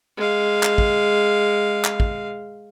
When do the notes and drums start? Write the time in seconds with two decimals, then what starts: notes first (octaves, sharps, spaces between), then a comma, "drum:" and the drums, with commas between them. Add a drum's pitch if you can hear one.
0.17 G#3 F5
0.63 drum: clap
0.78 drum: kick
1.85 drum: clap
2.00 drum: kick